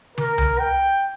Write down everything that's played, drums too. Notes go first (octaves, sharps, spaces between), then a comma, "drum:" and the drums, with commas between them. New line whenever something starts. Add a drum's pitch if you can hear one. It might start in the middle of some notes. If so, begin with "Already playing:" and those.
A#4, drum: tom
drum: tom C2
G5